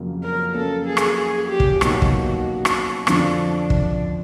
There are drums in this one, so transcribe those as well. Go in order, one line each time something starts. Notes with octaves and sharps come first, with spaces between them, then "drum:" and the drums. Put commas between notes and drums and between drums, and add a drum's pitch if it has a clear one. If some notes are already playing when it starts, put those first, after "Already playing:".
Already playing: F2 C#3 F#3 A#3
A#4
F#3 A#3 C#4 A4
G#4
drum: rim click
G#4
G4
drum: kick
B2 F#3 A#3 D#4 F#4, drum: rim click
drum: kick
drum: rim click
F2 D3 F3 D4, drum: rim click
drum: kick